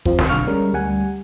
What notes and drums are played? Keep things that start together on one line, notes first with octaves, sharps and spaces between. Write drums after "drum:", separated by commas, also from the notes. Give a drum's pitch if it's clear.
F3 C4 F4, drum: kick
drum: snare
B1 D3 F5 C#6 F6
G3 G#3 C#4 A#4
D2 G3 F#5 G#5